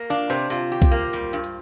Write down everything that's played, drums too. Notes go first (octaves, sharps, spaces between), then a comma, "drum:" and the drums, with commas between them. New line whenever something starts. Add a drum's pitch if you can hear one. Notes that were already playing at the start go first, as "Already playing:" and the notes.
Already playing: A#3
D4 F5
C3 C5
C3 F4, drum: tambourine
G4
drum: kick B1, tambourine
A#3
G3, drum: tambourine
G2
drum: tambourine